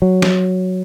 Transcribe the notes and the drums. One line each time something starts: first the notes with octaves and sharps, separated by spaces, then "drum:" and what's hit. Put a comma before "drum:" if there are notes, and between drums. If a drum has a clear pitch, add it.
F#3
drum: snare